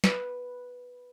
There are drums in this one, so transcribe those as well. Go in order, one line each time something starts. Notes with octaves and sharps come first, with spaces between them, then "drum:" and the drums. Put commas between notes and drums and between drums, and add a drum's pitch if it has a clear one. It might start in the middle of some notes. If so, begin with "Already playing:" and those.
B4, drum: snare